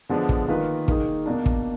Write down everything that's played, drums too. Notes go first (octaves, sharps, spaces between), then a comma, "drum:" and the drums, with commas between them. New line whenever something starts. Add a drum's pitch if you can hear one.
D3 F3 G#3 B3 D4
drum: kick
D#3 A#3 F4 B4
D#3 A#3 D#4 G#4, drum: kick
B2 A#3 D4
drum: kick